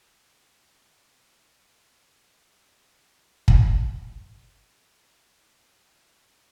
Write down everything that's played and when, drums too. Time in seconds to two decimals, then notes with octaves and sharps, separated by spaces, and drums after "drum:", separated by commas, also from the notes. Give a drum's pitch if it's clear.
0.36 F#2 D#3 G3 C4 F4
1.67 B2 G3 B3 E4
2.98 G#2 F3 A#3 D4
3.48 drum: kick
4.29 C3 F3 G#3
5.59 C3 F3 A#3